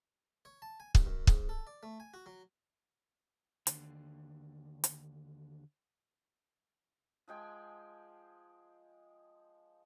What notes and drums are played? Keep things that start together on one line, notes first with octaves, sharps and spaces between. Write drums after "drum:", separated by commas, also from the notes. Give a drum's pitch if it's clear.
C#5
A5
G#5
C2, drum: kick
F#2
G#2, drum: kick
A4
D5
A3
G#5
F#4
F#3
D#2 D3, drum: hi-hat
drum: hi-hat
F3 G#3 G5 G#5